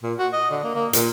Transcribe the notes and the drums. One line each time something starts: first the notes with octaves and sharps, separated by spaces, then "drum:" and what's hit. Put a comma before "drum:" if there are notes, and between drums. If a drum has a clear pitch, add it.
A#2
F#4
D#5
D3
A#3
A#3
A#2, drum: hi-hat